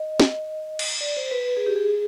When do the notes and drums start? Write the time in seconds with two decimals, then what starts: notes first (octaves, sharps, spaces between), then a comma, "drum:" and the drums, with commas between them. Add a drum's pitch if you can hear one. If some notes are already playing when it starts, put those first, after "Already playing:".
Already playing: D#5
0.20 drum: snare
0.79 drum: cymbal
1.01 D5
1.17 C5
1.31 B4
1.48 B4
1.57 G#4
1.66 G4
1.76 G#4